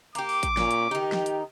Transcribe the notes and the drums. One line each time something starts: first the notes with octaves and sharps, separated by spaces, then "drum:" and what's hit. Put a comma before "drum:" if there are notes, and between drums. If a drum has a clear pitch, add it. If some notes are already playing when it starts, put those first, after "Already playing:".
A#3 G4 D6, drum: hi-hat
drum: open hi-hat
drum: kick A1, hi-hat
A#2 C#4, drum: snare
drum: hi-hat
D#3 D#4 G4
drum: snare
drum: hi-hat